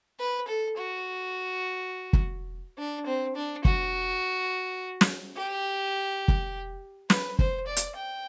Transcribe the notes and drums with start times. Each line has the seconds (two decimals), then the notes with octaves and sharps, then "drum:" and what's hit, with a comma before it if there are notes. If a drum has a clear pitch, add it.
0.19 B4
0.48 A4
0.77 F#4
2.13 drum: kick
2.78 D4
3.06 C4
3.36 D4
3.65 F#4, drum: kick
5.01 drum: snare
5.37 G4
6.28 drum: kick
7.10 B4, drum: snare
7.39 C5, drum: kick
7.67 D5
7.77 drum: hi-hat
7.96 G5